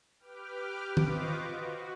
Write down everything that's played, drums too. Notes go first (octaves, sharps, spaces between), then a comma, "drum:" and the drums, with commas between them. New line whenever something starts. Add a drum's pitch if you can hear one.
G4 B4 G5 D6 F6
F4 B4 C5 D#5 C#6 D6, drum: tom D#3
F#4